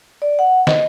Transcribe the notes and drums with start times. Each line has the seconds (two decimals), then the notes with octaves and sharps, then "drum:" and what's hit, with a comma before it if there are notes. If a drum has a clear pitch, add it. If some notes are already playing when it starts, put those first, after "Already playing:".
0.22 D5
0.39 F#5
0.67 D#5, drum: snare